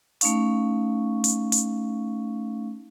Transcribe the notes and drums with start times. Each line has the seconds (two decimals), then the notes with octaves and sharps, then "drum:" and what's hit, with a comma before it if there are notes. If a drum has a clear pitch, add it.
0.21 A3 C#4 D#4 F5 C#6, drum: hi-hat
1.24 drum: hi-hat
1.52 drum: hi-hat